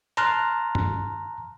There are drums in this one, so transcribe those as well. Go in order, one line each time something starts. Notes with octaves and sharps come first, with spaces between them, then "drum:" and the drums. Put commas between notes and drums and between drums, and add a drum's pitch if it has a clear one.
A5 A#5 C6 F6 F#6, drum: hi-hat
drum: tom G2